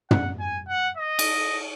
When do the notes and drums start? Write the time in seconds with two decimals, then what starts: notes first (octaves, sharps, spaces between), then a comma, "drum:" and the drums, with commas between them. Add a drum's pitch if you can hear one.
0.11 F#5, drum: tom
0.40 G#5
0.69 F#5
0.97 D#5
1.19 drum: cymbal